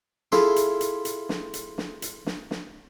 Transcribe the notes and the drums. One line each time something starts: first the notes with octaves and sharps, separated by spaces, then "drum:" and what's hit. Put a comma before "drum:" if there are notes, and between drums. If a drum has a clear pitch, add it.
E4 F4 G#4 A4 E5 C6, drum: snare
drum: hi-hat
drum: hi-hat
drum: hi-hat
drum: snare
drum: hi-hat
drum: snare
drum: hi-hat
drum: snare
drum: snare